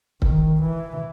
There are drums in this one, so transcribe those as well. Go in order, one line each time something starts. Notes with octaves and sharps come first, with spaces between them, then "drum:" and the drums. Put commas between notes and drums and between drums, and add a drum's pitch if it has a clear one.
D#3, drum: kick C#1
E3